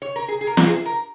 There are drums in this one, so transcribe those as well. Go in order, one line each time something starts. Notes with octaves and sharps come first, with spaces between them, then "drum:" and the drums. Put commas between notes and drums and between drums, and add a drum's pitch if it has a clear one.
C#5
A#4
G#4
G#4
A#4
drum: snare
G#4
A#4